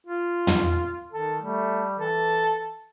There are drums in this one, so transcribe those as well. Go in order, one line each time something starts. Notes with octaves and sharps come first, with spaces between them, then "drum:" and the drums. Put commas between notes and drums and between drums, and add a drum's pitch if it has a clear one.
F4
drum: tom
D#3 A4
G3 A3
E3 A4